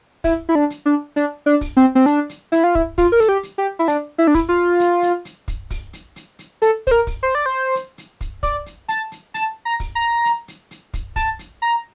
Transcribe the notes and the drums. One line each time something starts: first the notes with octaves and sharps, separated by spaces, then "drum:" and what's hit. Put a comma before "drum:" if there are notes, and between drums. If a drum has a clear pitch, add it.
E4, drum: kick, open hi-hat
E4
D4
drum: hi-hat
D4
D4, drum: hi-hat
D4
drum: kick, open hi-hat
C4
C4
D4, drum: hi-hat
drum: hi-hat
E4, drum: hi-hat
F4
E4, drum: kick
F4, drum: kick, open hi-hat
A#4
A4, drum: hi-hat
G4
drum: hi-hat
G4
E4
D4, drum: hi-hat
E4
D4
E4, drum: kick, open hi-hat
F4
drum: hi-hat
drum: hi-hat
drum: hi-hat
drum: kick, hi-hat
drum: kick, open hi-hat
drum: hi-hat
drum: hi-hat
drum: hi-hat
A4, drum: hi-hat
C5, drum: kick, hi-hat
A#4
drum: kick, open hi-hat
C5
D5
C5
drum: hi-hat
drum: hi-hat
drum: kick, hi-hat
D5, drum: kick, open hi-hat
drum: hi-hat
A5, drum: hi-hat
drum: hi-hat
A5, drum: hi-hat
A#5
drum: kick, open hi-hat
A#5
drum: hi-hat
drum: hi-hat
drum: hi-hat
drum: kick, hi-hat
A5, drum: kick, open hi-hat
drum: hi-hat
A#5